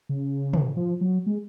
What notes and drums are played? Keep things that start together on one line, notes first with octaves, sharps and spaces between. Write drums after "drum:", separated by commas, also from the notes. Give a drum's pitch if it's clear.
C#3
drum: tom
F3
F#3
G#3